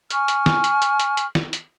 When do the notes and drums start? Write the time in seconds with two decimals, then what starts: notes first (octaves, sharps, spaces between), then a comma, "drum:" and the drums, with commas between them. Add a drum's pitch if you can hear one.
0.10 G#5 C#6 F6, drum: hi-hat
0.28 drum: hi-hat
0.46 drum: snare
0.64 drum: hi-hat
0.82 drum: hi-hat
1.00 drum: hi-hat
1.17 drum: hi-hat
1.35 drum: snare
1.53 drum: hi-hat